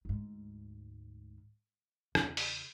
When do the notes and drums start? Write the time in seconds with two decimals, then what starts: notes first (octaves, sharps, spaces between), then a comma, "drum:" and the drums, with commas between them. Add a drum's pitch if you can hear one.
0.05 D2 G#2
2.15 E2 C#3, drum: rim click
2.37 drum: open hi-hat